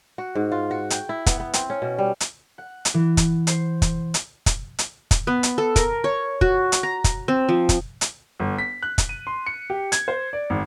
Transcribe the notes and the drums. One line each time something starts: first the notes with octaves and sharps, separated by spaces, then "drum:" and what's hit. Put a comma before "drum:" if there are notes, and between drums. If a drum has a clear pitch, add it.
F#4
G#2
F4
F#4
G5, drum: hi-hat
E4
B3, drum: kick, hi-hat
B3
C4, drum: hi-hat
C#4
B2
G3
drum: hi-hat
F#5
drum: hi-hat
E3
drum: kick, hi-hat
C5, drum: hi-hat
drum: kick, hi-hat
drum: hi-hat
drum: kick, hi-hat
drum: hi-hat
drum: kick, hi-hat
B3
drum: hi-hat
A4
A#4, drum: kick, hi-hat
C#5
F#4, drum: kick
drum: hi-hat
A#5
drum: kick, hi-hat
C4
F3
drum: kick, hi-hat
drum: hi-hat
G1
B6
F#6
drum: kick, hi-hat
D#7
C6
C#7
G4
G#6, drum: hi-hat
C5
D5
G#1